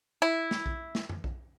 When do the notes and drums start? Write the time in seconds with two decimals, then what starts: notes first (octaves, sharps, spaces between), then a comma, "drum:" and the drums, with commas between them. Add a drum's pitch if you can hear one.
0.22 E4
0.51 drum: snare
0.66 drum: kick B1
0.95 drum: snare
1.09 drum: tom F#2
1.24 drum: kick B1